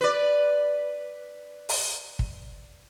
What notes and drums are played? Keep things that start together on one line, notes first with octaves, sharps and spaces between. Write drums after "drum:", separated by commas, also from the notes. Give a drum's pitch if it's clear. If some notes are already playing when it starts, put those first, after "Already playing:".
B4 D5
drum: open hi-hat
drum: kick